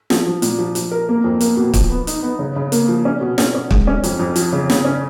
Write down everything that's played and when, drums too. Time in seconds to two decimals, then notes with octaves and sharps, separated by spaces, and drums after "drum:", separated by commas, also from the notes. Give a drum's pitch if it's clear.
0.10 F3, drum: snare
0.26 F3
0.42 A#2, drum: hi-hat
0.59 F3
0.75 F3, drum: hi-hat
0.91 A#4
1.09 A#3
1.24 F2
1.41 A#3, drum: hi-hat
1.57 B2
1.74 F3, drum: kick, hi-hat
1.90 B3
2.07 D#4, drum: hi-hat
2.22 B3
2.39 C#3
2.56 C#3
2.72 A#3, drum: hi-hat
2.89 F3
3.05 C#4
3.21 B2
3.38 C#4, drum: snare
3.55 C#4
3.71 G#3, drum: kick
3.87 C#4
4.04 F2, drum: hi-hat
4.19 F2
4.36 F3, drum: hi-hat
4.53 C#3
4.70 C#3, drum: snare
4.85 C#4